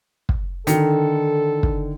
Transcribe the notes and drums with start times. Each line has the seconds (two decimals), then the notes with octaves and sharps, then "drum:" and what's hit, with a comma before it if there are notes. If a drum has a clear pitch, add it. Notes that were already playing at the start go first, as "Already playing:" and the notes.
0.29 drum: kick
0.67 D3 D#3 A4 C#7, drum: hi-hat
1.63 drum: kick